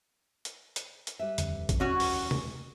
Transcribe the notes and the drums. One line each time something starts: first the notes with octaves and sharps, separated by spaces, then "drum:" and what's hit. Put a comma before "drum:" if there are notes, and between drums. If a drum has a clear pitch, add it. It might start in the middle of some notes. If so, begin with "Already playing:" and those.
drum: hi-hat
drum: hi-hat
drum: hi-hat
G3 B4 E5
D#1 F2 D3, drum: hi-hat
drum: kick A1, hi-hat
E3 G3 C#4 F#4 C#5
drum: open hi-hat
drum: tom C3